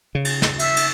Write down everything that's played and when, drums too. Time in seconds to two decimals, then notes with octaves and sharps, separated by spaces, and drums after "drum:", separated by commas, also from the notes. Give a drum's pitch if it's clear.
0.15 C#3
0.25 drum: cymbal
0.42 drum: snare
0.59 E5, drum: cymbal
0.77 drum: cymbal